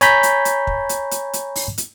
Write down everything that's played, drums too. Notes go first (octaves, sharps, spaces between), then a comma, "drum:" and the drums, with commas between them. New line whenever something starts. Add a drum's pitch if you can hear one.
C#5 G#5 A#5 B5 G6 B6, drum: hi-hat
drum: hi-hat
drum: hi-hat
drum: kick
drum: hi-hat
drum: hi-hat
drum: hi-hat
drum: open hi-hat
drum: hi-hat